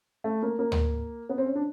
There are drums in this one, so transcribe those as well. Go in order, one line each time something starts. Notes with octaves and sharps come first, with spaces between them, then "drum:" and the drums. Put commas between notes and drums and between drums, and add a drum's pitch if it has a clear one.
A3
A#3
A#3
drum: tom D2
B3
C4
C#4
D4